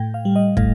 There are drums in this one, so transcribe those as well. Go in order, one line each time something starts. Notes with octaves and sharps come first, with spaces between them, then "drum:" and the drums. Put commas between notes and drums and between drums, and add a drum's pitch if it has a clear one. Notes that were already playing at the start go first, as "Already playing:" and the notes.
Already playing: A2 G5
F5
G3
D#5
A2 F5, drum: kick